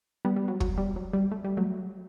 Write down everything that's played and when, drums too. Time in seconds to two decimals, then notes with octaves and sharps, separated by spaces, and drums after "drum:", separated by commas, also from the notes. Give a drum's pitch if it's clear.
0.25 G3 B3
0.36 G3
0.48 F#3
0.60 F#3, drum: kick
0.78 G3
0.96 F#3
1.13 G3
1.31 A3
1.44 G3
1.57 F#3 A3